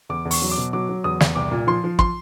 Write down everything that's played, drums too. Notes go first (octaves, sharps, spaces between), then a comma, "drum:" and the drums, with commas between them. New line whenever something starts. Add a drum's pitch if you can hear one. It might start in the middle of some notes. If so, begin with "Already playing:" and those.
E2 D6
E2
C#6, drum: open hi-hat
F#3
D6
B2
F#3 D6
F#3
E2 D#6
E2, drum: snare
C2 D6
A#2
F3 C6
F3
C6, drum: kick